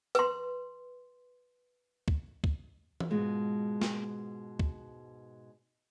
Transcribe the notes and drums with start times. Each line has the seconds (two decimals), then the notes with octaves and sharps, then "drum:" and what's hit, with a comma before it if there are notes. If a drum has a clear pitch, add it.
0.15 B4 C6, drum: hi-hat
2.08 drum: kick
2.44 drum: kick
3.00 drum: tom E3
3.10 G#2 B2 G#3 F4
3.81 drum: snare
4.59 drum: kick